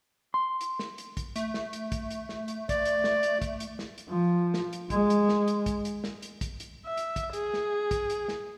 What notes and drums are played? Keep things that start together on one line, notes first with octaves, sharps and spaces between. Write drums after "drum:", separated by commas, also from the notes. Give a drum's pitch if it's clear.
C6
drum: hi-hat
drum: snare
drum: hi-hat
drum: kick, hi-hat
A3, drum: hi-hat
drum: snare
drum: hi-hat
drum: kick, hi-hat
drum: hi-hat
drum: snare
drum: hi-hat
D5, drum: kick, hi-hat
drum: hi-hat
drum: snare
drum: hi-hat
drum: kick, hi-hat
drum: hi-hat
drum: snare
drum: hi-hat
F3
drum: snare
drum: hi-hat
G#3, drum: kick, hi-hat
drum: hi-hat
drum: snare
drum: hi-hat
drum: kick, hi-hat
drum: hi-hat
drum: snare
drum: hi-hat
drum: kick, hi-hat
drum: hi-hat
E5
drum: hi-hat
drum: kick, hi-hat
G#4, drum: hi-hat
drum: snare
drum: kick, hi-hat
drum: hi-hat
drum: snare